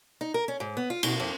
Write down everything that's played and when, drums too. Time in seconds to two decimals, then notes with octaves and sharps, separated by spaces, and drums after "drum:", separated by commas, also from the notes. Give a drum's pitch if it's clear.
0.21 D#4
0.34 A#4
0.48 C#4
0.60 G#2
0.77 B3
0.90 F4
1.03 B2, drum: cymbal
1.20 F2